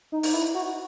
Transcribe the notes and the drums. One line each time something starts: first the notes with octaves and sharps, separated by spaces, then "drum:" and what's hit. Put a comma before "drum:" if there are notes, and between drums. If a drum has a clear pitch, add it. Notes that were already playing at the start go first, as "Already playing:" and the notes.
D#4
D#4, drum: open hi-hat
E4
F#4